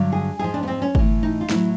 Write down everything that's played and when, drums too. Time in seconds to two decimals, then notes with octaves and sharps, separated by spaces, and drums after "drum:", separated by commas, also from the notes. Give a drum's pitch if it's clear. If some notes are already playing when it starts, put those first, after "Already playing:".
Already playing: G2 D3 F#3
0.12 G#4
0.39 G#2 F3 G#4
0.54 D4
0.63 B3
0.68 C4
0.82 C#4
0.95 A2 E3, drum: kick G1
1.23 D#4
1.41 F4
1.50 A2 F#3 E4, drum: snare